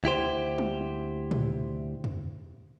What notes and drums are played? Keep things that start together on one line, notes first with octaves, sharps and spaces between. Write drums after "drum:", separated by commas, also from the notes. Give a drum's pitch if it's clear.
D2 E4 G4 C5
drum: tom
drum: tom
drum: tom